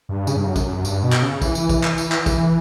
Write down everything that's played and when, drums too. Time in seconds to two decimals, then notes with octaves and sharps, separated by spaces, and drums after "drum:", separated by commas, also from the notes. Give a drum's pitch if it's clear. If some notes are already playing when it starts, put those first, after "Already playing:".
0.09 G2
0.27 C#3, drum: tambourine
0.37 G2
0.46 F#2
0.56 drum: kick, tambourine
0.66 F#2
0.85 G2, drum: tambourine
1.03 B2
1.13 drum: clap
1.22 C#3
1.42 E3, drum: kick, tambourine
1.55 drum: tambourine
1.69 drum: kick, tambourine
1.84 drum: clap
1.98 drum: tambourine
2.12 drum: clap
2.26 drum: kick, tambourine